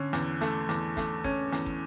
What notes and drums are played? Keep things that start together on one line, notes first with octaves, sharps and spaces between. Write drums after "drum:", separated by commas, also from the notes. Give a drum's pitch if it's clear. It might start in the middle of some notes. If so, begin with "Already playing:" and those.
Already playing: D3 C#4
E2, drum: hi-hat
A3, drum: hi-hat
E2, drum: hi-hat
A3, drum: kick, hi-hat
C#4, drum: kick
E2, drum: hi-hat
drum: kick